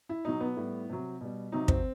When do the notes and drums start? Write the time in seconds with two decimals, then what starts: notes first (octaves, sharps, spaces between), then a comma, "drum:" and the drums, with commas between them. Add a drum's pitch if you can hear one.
0.09 E4
0.25 B2 F#3 D#4
0.41 B3
0.57 A2 G3
0.90 C3 F#3
1.21 B2 G3
1.52 C3 F#3 D#4
1.68 C4, drum: kick